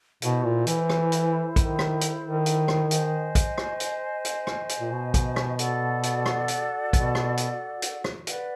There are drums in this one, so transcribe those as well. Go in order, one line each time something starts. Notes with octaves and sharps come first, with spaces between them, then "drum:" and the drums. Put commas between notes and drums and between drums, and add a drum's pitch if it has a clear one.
B2 E4 A4 C5, drum: hi-hat
A#2
E3, drum: hi-hat
drum: rim click
drum: hi-hat
D#3, drum: kick A#1, hi-hat
drum: rim click
drum: hi-hat
D#3
drum: hi-hat
drum: rim click
C5 D#5 G#5, drum: hi-hat
drum: kick A#1, hi-hat
drum: rim click
drum: hi-hat
drum: hi-hat
drum: rim click
drum: hi-hat
A#2
B2
drum: kick A#1, hi-hat
drum: rim click
F#4 A4 D5 F#5, drum: hi-hat
drum: hi-hat
drum: rim click
drum: hi-hat
B2, drum: kick A#1, hi-hat
drum: rim click
drum: hi-hat
drum: hi-hat
drum: rim click
B4 D5 F#5, drum: hi-hat